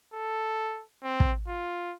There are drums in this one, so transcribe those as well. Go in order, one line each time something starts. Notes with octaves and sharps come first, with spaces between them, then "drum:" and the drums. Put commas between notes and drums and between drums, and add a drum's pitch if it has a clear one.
A4
C4
drum: kick
F4